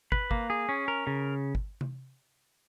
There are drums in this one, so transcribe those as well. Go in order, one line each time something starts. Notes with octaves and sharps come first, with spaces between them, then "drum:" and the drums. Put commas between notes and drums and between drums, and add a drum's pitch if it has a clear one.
B4, drum: kick
A#3, drum: kick
G#4
C#4
A#4
C#3
drum: kick
drum: tom C3